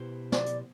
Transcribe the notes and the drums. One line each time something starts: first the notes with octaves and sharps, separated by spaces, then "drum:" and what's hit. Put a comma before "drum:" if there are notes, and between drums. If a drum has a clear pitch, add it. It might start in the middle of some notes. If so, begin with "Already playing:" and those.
Already playing: B2 B3 E4 G4 C5
D5, drum: snare
drum: hi-hat